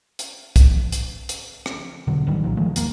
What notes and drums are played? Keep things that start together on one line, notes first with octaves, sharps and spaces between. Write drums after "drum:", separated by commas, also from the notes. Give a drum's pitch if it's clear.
drum: hi-hat
drum: kick, hi-hat
drum: hi-hat
drum: hi-hat
drum: rim click
D1 B2 D3 F#3
A1 D#3 G3
B1 A#2 F3 F#3
D#3 F3 G#3 A3
D#1 A#3, drum: hi-hat